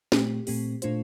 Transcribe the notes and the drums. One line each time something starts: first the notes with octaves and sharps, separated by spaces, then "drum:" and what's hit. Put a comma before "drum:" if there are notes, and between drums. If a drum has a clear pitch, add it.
A#2 A3 C4 G4, drum: snare
A#2 A3 C4 G4, drum: open hi-hat
A#2 A3 D4 F4 C5, drum: hi-hat